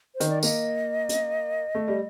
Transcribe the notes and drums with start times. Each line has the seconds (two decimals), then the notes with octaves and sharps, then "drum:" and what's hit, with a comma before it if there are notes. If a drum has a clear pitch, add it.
0.15 C5
0.20 D#3, drum: hi-hat
0.29 D5
0.43 A#3 D#5, drum: tambourine
1.09 drum: hi-hat
1.75 A3
1.88 G3